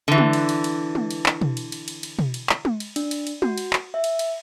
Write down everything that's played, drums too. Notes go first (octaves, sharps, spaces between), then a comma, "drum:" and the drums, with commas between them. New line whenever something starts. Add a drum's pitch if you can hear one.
D3 E3
drum: tom G#3
drum: cymbal
drum: cymbal
drum: cymbal
drum: tom G#3
drum: cymbal
drum: clap
drum: tom B2
drum: cymbal
drum: cymbal
drum: cymbal
drum: cymbal
drum: tom B2
drum: cymbal
drum: clap
drum: tom G#3
drum: cymbal
D4, drum: cymbal
drum: cymbal
drum: cymbal
F#4, drum: tom G#3
drum: cymbal
drum: clap
E5
drum: cymbal
drum: cymbal